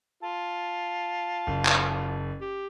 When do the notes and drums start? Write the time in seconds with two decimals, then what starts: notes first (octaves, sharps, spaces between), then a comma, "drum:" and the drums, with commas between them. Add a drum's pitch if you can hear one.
0.23 F4 A5
1.47 F#1
1.65 drum: clap
2.41 G4